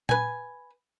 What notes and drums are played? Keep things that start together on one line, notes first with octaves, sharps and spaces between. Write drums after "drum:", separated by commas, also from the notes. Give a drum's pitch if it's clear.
B4 G#5, drum: tom A#2